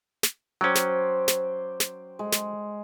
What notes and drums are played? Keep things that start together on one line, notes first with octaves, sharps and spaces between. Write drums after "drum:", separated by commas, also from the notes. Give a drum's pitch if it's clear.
drum: snare
F#3 C#4 C5 D5 G5
drum: snare
drum: snare
drum: snare
G#3
drum: snare